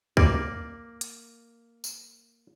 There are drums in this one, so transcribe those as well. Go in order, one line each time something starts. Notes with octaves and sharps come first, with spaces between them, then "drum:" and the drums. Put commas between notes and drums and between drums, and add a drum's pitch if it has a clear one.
A#3 D5, drum: kick C#2
drum: hi-hat
drum: tambourine